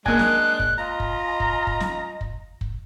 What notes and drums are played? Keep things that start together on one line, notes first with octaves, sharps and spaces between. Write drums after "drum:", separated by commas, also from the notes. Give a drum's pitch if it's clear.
G#3 A#3 D4 G#5 F#6, drum: kick
drum: snare
drum: kick
F4 D#5 A#5
drum: kick
drum: kick
drum: kick
drum: snare
drum: kick
drum: kick